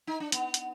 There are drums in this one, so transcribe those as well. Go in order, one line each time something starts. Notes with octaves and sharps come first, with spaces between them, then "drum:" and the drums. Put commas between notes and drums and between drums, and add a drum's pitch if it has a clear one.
D#4
D4
B3, drum: hi-hat
drum: hi-hat